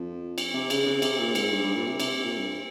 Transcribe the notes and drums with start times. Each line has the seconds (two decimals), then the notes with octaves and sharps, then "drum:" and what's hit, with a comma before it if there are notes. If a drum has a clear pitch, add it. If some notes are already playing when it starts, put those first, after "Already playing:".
Already playing: F2
0.38 drum: cymbal
0.54 C3
0.70 C#3, drum: cymbal
0.86 C#3
1.02 C3, drum: cymbal
1.19 A#2
1.35 G#2, drum: cymbal
1.51 G2
1.63 G2
1.75 A#2
1.87 C3
2.00 C3, drum: cymbal
2.24 A#2
2.38 G2